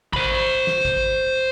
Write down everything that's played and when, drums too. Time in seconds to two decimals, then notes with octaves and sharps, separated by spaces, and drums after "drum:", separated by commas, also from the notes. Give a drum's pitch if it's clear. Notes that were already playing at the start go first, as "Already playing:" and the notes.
0.13 C5 B5, drum: kick G#1
0.67 drum: snare
0.85 drum: kick G#1